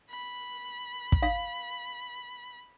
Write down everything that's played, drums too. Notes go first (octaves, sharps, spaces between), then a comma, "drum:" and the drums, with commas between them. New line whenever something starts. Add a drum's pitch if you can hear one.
B5
drum: kick
F5